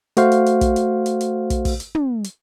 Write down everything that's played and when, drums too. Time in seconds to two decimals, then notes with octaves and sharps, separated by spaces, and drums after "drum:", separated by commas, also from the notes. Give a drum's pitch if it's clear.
0.17 A3 F#4 C5 F5, drum: hi-hat
0.32 drum: hi-hat
0.46 drum: hi-hat
0.61 drum: kick, hi-hat
0.76 drum: hi-hat
1.06 drum: hi-hat
1.21 drum: hi-hat
1.50 drum: kick, hi-hat
1.65 drum: kick, open hi-hat
1.80 drum: hi-hat
1.95 drum: tom
2.24 drum: hi-hat